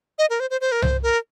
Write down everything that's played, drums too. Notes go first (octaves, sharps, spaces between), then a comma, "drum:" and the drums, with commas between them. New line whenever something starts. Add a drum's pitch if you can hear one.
D#5
A#4
C5
C5
C5
A#4
C5, drum: tom C2
A#4